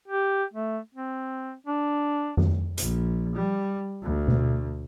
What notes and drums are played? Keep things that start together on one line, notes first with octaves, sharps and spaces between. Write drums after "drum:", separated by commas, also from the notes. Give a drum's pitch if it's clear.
G4
A3
C4
D4
drum: tom F2
A#1, drum: hi-hat
G3
D2
drum: tom B2